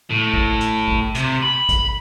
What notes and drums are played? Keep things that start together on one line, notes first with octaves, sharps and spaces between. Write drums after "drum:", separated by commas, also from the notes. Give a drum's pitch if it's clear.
A2
drum: kick
drum: hi-hat
drum: kick
C3, drum: hi-hat
B5
drum: kick, hi-hat